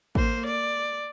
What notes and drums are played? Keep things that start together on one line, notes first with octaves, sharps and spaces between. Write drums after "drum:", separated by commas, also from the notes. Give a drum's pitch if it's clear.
A#3 C5, drum: kick A1
D5